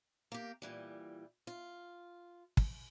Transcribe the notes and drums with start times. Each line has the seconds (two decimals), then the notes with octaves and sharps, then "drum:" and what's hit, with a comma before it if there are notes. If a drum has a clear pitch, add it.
0.32 A#3 G4
0.62 A#2 E3 G3
1.47 F4
2.57 drum: kick